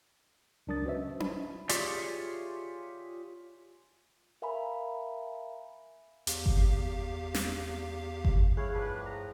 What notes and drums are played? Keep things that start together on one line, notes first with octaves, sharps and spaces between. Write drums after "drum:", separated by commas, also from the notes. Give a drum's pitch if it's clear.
C#2 F#3 D4 A#4 D#6 A6
C#4 F#4 B4 C5 D#5 E5
B5, drum: tom C#4
F4 G4 G#4 C#5 D5 E5, drum: hi-hat
A#4 E5 F5 G#5 A#5 B5
E2 G4 F5, drum: hi-hat
drum: kick G1
drum: snare
drum: kick G1
G2 E4 G#4 C#5 F5 F#6
A2 F3 D4 B4
A#5